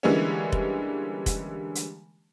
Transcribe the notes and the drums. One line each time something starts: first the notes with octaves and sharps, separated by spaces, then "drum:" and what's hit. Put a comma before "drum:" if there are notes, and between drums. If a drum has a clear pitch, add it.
D3 E3 G3 G#3 A#3 C#4
drum: kick F1
drum: kick F1, hi-hat
drum: hi-hat